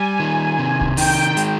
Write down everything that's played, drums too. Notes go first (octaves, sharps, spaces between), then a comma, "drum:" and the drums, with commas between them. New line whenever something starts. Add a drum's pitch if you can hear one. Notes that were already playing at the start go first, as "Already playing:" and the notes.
Already playing: G3 G#5
D#3
C3
drum: kick C2
D#3 G5, drum: open hi-hat
G#3, drum: hi-hat